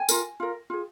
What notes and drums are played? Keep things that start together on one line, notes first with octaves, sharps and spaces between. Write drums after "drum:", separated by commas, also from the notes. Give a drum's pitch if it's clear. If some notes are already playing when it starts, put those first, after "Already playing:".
Already playing: G#5
F4 A#4, drum: tambourine
F4 A#4
F4 G#4